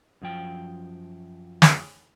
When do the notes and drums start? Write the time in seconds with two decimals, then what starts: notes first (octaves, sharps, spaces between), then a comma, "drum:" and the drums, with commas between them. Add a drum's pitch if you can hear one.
0.22 F#2 F3 G5
1.62 drum: snare